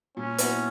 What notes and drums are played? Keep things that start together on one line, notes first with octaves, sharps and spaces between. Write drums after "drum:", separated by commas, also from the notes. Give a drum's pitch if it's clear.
A#2 C#4
F#3 B3 E4, drum: hi-hat